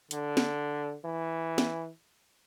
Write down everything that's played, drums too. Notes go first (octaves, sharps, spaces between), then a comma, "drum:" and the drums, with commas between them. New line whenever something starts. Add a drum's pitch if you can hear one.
D3, drum: hi-hat
drum: snare
E3
drum: snare